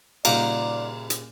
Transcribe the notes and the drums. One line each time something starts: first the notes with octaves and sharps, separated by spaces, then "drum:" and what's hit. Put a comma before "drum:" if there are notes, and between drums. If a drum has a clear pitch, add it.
A#2 C#3 G3 A#3 D#4 F4 D5 F#5, drum: cymbal
drum: hi-hat